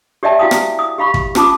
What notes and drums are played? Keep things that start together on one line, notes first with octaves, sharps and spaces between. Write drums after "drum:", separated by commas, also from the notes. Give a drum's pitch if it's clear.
G4 C#5 D5 E5 G5 A5
E4 F#4 F5 G5 D#6
drum: rim click
D#6
G4 F5 B5 C#6
drum: kick
C#4 F4 A5 D6 D#6, drum: rim click